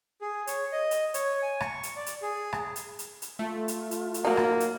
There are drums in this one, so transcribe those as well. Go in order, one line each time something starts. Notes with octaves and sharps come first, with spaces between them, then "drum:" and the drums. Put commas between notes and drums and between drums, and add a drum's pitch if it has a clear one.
G#4
C#5, drum: hi-hat
D#5
drum: hi-hat
C#5, drum: hi-hat
G#5
C#6, drum: rim click
drum: hi-hat
D5
drum: hi-hat
G#4
drum: rim click
drum: hi-hat
drum: hi-hat
drum: hi-hat
A3 F4
drum: hi-hat
drum: hi-hat
drum: hi-hat
F#3 A#3 D#4
drum: rim click
drum: hi-hat